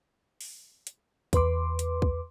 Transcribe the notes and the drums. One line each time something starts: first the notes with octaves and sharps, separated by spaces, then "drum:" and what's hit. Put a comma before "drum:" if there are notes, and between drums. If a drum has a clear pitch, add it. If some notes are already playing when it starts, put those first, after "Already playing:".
drum: open hi-hat
drum: hi-hat
E2 B4 C6 D6, drum: kick, hi-hat
drum: hi-hat
drum: kick